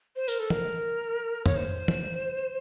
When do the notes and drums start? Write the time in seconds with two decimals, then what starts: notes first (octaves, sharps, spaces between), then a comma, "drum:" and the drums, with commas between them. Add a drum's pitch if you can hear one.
0.16 C5
0.28 A#4, drum: tambourine
0.39 A4
0.50 A#4, drum: tom E3
1.46 C#5, drum: tom F2
1.56 C5
1.88 drum: tom E3